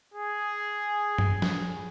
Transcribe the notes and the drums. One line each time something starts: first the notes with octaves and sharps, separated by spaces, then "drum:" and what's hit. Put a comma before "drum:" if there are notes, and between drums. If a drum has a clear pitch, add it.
G#4
drum: tom
drum: snare